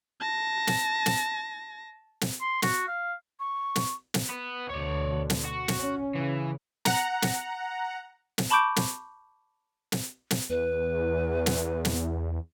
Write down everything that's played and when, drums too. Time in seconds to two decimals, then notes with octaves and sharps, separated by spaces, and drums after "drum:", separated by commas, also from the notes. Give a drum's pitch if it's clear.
0.20 A5 A#6
0.67 drum: snare
1.06 drum: snare
2.21 drum: snare
2.41 C6
2.62 F#4, drum: snare
2.88 F5
3.39 C#6
3.75 drum: snare
4.14 drum: snare
4.29 B3 B4
4.70 D2 B2 D3 C#5 D5
5.30 drum: snare
5.45 F#4
5.68 drum: snare
5.79 C#4
6.15 C#3 E3
6.85 F#5 A#5, drum: snare
7.22 drum: snare
8.38 drum: snare
8.50 A5 B5 C#6 D6 G6 D7
8.76 drum: snare
9.92 drum: snare
10.31 drum: snare
10.50 E2 B4
11.46 drum: snare
11.85 drum: snare